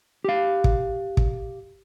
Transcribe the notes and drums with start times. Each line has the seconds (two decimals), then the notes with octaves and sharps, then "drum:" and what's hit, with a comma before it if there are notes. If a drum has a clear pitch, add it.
0.24 G4 F5
0.64 drum: kick
1.17 drum: kick